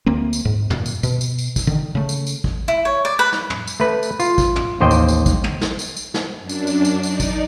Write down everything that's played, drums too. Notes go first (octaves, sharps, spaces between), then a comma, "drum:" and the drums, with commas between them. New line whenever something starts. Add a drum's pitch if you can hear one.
D2 A#3 C4
drum: tambourine
G#2
F#2 A#2, drum: tom
drum: tambourine
B2, drum: tambourine
drum: tambourine
drum: tambourine
drum: kick, tambourine
D3 D#3
C#3 A3
drum: tambourine
drum: tambourine
drum: kick
E4
C#5
D5
B4
drum: snare
drum: tom
drum: tambourine
A3 B4
drum: tambourine
F4, drum: tambourine
drum: kick, tambourine
drum: tom
A1 D#2 C5 D#5 G5
drum: tambourine
drum: tambourine
drum: kick, tambourine
drum: tom
drum: snare
drum: tambourine
drum: tambourine
drum: snare
F#2 D4
drum: tambourine
drum: tambourine
drum: tambourine
D#4 D5, drum: tambourine
drum: kick, tambourine